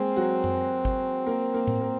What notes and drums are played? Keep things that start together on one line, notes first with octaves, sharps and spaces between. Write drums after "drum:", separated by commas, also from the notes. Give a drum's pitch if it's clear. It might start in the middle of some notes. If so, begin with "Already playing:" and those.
Already playing: G#3 A#3 C4 G#4 A#4
F#3 F#4
drum: tom F#2
drum: kick G#1
A#3 A#4
A#3 A#4
drum: tom A2
A#3 A#4